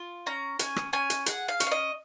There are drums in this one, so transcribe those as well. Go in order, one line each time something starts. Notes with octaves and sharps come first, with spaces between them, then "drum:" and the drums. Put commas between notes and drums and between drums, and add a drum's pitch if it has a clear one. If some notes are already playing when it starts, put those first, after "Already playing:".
Already playing: F4
C#4 A#5
C#4 G#5, drum: hi-hat
drum: rim click
C#4 G#5
drum: hi-hat
G#4 F#5, drum: hi-hat
F5
C#4, drum: hi-hat
F5
D#5